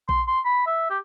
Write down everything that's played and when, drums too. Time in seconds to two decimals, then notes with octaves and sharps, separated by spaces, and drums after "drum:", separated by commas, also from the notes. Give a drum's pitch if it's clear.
0.09 C6, drum: kick A#1
0.28 C6
0.45 B5
0.67 E5
0.90 G4